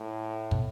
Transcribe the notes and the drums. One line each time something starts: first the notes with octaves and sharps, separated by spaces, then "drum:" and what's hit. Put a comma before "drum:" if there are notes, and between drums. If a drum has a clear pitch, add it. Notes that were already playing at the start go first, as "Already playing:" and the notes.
Already playing: A2
B2, drum: kick